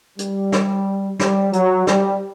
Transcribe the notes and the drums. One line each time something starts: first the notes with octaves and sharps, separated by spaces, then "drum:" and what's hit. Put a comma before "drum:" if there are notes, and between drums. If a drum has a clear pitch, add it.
G3, drum: hi-hat
drum: snare
G3, drum: snare
F#3, drum: hi-hat
G3, drum: snare